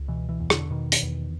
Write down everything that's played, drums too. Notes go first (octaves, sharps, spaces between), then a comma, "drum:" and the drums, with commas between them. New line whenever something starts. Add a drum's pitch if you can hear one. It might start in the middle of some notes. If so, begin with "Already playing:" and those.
Already playing: C#2
B2 E3
E3
E2
D3, drum: rim click
B2 D#3
drum: hi-hat
E2